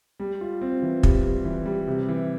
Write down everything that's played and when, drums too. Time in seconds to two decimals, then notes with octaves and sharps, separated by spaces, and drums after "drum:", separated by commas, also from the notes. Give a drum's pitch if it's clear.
0.20 G3
0.41 F4
0.61 C4
0.82 E3
1.03 G3, drum: kick
1.24 G3
1.45 E3
1.66 G3
1.87 C3
2.09 E3